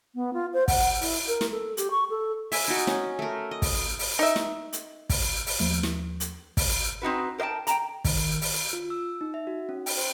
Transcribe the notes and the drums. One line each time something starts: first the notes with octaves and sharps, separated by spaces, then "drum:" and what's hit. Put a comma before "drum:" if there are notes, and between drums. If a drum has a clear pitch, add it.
B3
F4
C5
F#5, drum: kick, open hi-hat
E4, drum: open hi-hat
A#4
drum: snare
A4
G4, drum: hi-hat
C#6
A4
E5 G#5, drum: open hi-hat
D#4 F#4
C#4, drum: snare
A3 A#4
D#5
drum: kick, open hi-hat
drum: open hi-hat
D#4 E5
drum: snare
drum: hi-hat
drum: kick, open hi-hat
drum: open hi-hat
D#2 F3 A3
drum: snare
drum: hi-hat
drum: kick, open hi-hat
C4 D#4 F#4 B4
A#4 C5 D#5 G5 A5
G5 A5 A#5, drum: hi-hat
D#3, drum: kick, open hi-hat
drum: open hi-hat
F4
E6
D#4
E5
F#4
C#4
G5, drum: open hi-hat
C5